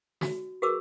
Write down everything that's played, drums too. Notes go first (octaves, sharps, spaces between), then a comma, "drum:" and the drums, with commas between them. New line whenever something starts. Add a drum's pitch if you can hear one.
F#4, drum: snare
F#4 G#4 A#4 B4 D6 E6